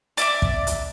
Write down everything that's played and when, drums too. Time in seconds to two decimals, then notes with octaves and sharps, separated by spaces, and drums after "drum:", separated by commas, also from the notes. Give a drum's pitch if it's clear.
0.17 D5 E5 D6, drum: hi-hat
0.42 drum: kick
0.67 drum: hi-hat